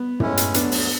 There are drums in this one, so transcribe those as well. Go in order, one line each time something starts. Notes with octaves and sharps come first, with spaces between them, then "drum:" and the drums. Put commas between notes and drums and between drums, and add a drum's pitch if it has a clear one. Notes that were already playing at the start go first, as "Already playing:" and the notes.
Already playing: B3
A2 G#3 C#4 E4, drum: tom
drum: hi-hat
D2 D3 F#3 B3 D4, drum: hi-hat
drum: open hi-hat